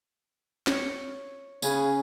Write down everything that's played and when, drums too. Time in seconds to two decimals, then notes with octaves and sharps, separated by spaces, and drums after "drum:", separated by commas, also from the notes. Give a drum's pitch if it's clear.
0.67 C#5, drum: snare
1.62 C#3 C#4 G#4 B4, drum: tambourine